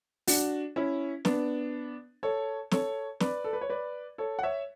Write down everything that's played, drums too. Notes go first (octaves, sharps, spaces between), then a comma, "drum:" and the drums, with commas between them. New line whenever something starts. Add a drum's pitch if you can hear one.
D4 F#4, drum: open hi-hat
C#4 E4
B3 D4, drum: snare
A4 C#5
A4 C#5, drum: snare
B4 D5, drum: snare
A4
B4
C#5
B4 D5
A4 C#5
F#5
C#5 E5